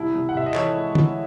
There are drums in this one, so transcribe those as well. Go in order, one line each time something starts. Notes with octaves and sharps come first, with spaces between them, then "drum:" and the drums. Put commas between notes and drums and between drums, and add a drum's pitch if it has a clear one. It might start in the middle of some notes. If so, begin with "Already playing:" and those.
Already playing: C2 E4
C2
F#5
C3 E5
D#5
E3 A4 C#5, drum: clap
G#3
E3, drum: tom